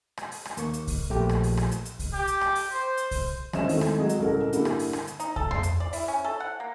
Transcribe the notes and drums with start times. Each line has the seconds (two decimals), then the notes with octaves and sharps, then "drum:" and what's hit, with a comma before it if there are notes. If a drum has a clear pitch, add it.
0.17 drum: rim click
0.31 drum: open hi-hat
0.45 drum: rim click
0.57 D#2 A#3 C#6, drum: hi-hat
0.73 drum: hi-hat
0.87 drum: kick C2, open hi-hat
1.10 A#1 A3 G4
1.29 drum: rim click
1.43 drum: open hi-hat
1.57 drum: rim click
1.71 drum: hi-hat
1.85 drum: hi-hat
1.99 drum: kick C2, open hi-hat
2.12 G4
2.27 drum: hi-hat
2.41 drum: rim click
2.55 drum: open hi-hat
2.73 C5
2.97 drum: hi-hat
3.11 drum: kick C2, open hi-hat
3.53 E1 C#4 C5 D#5 E5 E7, drum: rim click
3.69 D#3 G#3 A3 C4 E4, drum: open hi-hat
3.81 drum: rim click
3.99 F#3 G#3 G#4 D#5
4.09 drum: hi-hat
4.20 C2 A2 C#3 A4 A#4 D#5
4.53 G2 D3 G3 A#3 E4, drum: hi-hat
4.65 drum: rim click
4.79 drum: open hi-hat
4.93 drum: rim click
5.07 drum: hi-hat
5.20 D#4, drum: hi-hat
5.36 A4, drum: kick C2
5.51 C6, drum: tom F2
5.63 drum: hi-hat
5.80 D5
5.93 E4, drum: open hi-hat
6.08 C#4
6.25 A4
6.40 F#5
6.60 A#3